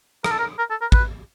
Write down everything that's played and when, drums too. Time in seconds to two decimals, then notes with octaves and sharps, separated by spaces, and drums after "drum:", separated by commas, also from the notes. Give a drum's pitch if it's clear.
0.24 A#4, drum: rim click
0.31 A4
0.39 A#4
0.59 A#4
0.70 A4
0.81 A#4
0.92 B4, drum: kick A1